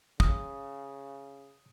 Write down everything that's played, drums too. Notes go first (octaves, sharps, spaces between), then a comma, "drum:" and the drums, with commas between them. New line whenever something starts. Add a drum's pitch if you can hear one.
C#3 D#6, drum: kick